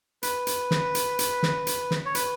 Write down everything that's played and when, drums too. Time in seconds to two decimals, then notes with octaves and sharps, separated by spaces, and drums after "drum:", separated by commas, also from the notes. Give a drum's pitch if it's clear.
0.23 B4, drum: hi-hat
0.47 drum: hi-hat
0.71 drum: snare
0.95 drum: hi-hat
1.19 drum: hi-hat
1.43 drum: snare
1.67 drum: hi-hat
1.91 drum: snare
2.05 C#5
2.15 B4, drum: hi-hat